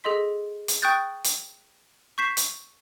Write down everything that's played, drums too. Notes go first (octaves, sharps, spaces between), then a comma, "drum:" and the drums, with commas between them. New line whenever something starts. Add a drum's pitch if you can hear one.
G#4 A4 D#5 C6 B6
drum: hi-hat
G5 C#6 D#6 F#6 G6 A6
drum: hi-hat
C#6 G6 B6 C7 E7
drum: hi-hat